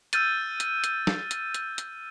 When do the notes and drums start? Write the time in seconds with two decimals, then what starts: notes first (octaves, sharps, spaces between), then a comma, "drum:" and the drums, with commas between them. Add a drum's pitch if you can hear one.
0.13 E6 F6 G6 A6 D#7, drum: hi-hat
0.60 drum: hi-hat
0.84 drum: hi-hat
1.07 drum: snare
1.31 drum: hi-hat
1.54 drum: hi-hat
1.78 drum: hi-hat